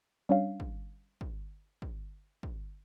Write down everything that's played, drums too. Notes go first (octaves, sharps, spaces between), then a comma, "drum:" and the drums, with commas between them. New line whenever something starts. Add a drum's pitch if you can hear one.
G3 C#4 D4 C#5 F5
drum: kick
drum: kick
drum: kick
drum: kick